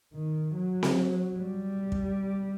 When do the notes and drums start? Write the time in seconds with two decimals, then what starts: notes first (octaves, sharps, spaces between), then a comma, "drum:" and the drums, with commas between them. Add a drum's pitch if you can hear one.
0.14 D#3
0.56 F#3
0.83 drum: snare C4
1.37 G3
1.92 drum: kick